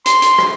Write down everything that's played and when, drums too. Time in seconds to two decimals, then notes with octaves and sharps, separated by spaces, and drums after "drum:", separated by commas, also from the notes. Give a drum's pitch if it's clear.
0.06 C6, drum: hi-hat
0.22 drum: hi-hat
0.38 drum: rim click